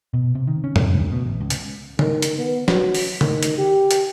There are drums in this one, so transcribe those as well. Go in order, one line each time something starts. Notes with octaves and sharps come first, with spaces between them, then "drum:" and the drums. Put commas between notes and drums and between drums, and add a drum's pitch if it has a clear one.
B2
C3
D#3
C#4
F1, drum: tom
D2
B2
A1
C#2
drum: hi-hat
D#3, drum: tom C#3
drum: hi-hat
B3
F#3, drum: snare
drum: open hi-hat
D#3, drum: tom C#3
drum: hi-hat
G4
drum: hi-hat